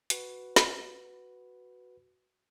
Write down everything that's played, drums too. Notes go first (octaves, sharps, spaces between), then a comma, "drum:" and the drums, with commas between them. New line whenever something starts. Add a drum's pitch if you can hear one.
F#4 B4, drum: hi-hat
drum: snare